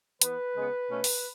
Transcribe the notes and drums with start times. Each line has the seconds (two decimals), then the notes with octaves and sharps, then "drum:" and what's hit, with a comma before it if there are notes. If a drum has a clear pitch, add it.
0.21 E3 B3 B4, drum: hi-hat
0.55 C#3 G#3 B3
0.89 B2 A3 C#4
1.04 drum: open hi-hat